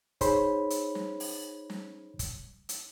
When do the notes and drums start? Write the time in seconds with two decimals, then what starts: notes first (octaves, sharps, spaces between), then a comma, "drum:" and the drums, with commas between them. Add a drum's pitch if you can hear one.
0.21 D#4 G#4 C5 C#5 B5 C6, drum: kick, hi-hat
0.70 drum: hi-hat
0.95 drum: snare
1.20 drum: open hi-hat
1.70 drum: snare
2.19 drum: kick, hi-hat
2.69 drum: hi-hat